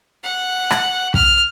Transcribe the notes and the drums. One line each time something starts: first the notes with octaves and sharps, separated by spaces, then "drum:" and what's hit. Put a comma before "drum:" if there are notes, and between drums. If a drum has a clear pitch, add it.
F#5
drum: rim click
F6, drum: kick